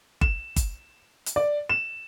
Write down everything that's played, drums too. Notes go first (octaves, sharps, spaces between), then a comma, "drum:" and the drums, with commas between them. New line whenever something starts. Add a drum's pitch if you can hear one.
E7, drum: kick G1
drum: kick G1, hi-hat
drum: hi-hat
D5
E7